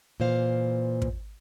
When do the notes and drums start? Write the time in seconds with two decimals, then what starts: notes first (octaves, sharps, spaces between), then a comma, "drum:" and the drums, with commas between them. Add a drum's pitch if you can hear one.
0.20 A#2 E3 C5 F5
1.02 drum: kick